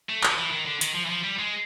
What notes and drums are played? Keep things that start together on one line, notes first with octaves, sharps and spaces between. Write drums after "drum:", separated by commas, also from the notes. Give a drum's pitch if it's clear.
A3
F3, drum: clap
E3
D#3
D3
D#3, drum: hi-hat
F3
E3
F3
G3
G#3